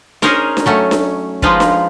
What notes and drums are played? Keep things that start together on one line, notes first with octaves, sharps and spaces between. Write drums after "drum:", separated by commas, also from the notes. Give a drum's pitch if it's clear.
C#4 D#4 G#4 A#4 C5, drum: snare D4
drum: snare D4
F#3 A3 C#4
drum: snare D4
F3 G#3 D#4 F4 B4, drum: kick
drum: snare D4